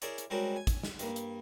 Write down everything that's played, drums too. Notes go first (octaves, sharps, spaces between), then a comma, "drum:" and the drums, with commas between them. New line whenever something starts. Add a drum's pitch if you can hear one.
E4 G#4 A#4 C#5 D5, drum: hi-hat
drum: hi-hat
G3 G#3 C4 C#4 F#4 A#4
G#5
drum: kick, hi-hat
drum: snare
G2 A#3, drum: hi-hat
drum: hi-hat